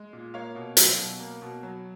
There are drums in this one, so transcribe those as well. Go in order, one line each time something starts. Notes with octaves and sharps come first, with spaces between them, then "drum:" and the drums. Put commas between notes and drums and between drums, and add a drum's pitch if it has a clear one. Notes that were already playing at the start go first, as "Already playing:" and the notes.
Already playing: G#3
A#2
A#3 C#5 F5
B2
F#3, drum: hi-hat
B2
A#3
B2
F#3